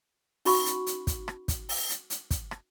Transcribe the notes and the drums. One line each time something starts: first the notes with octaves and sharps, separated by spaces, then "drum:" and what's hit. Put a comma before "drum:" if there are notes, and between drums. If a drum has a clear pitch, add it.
C#4 D#4 F#4 F#5 B5 C#6, drum: open hi-hat
drum: hi-hat
drum: hi-hat
drum: kick, hi-hat
drum: rim click
drum: kick, hi-hat
drum: open hi-hat
drum: hi-hat
drum: hi-hat
drum: kick, hi-hat
drum: rim click